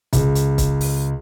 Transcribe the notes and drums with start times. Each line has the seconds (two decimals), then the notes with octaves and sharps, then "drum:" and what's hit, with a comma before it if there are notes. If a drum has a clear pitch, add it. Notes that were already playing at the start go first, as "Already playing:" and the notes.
0.13 C#2, drum: kick, hi-hat
0.35 drum: hi-hat
0.58 drum: kick, hi-hat
0.81 drum: open hi-hat